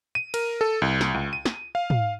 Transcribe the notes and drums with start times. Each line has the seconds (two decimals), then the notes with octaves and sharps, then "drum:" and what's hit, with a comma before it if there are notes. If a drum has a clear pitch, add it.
0.15 D#7
0.34 A#4, drum: cymbal
0.61 A4
0.82 C2
1.01 drum: snare
1.14 C#2
1.33 D#7
1.45 drum: snare
1.75 F5
1.90 drum: tom